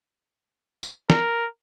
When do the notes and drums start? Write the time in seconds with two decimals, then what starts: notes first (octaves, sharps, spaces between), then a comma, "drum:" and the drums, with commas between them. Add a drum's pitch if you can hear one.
0.83 drum: tambourine
1.10 A#4, drum: snare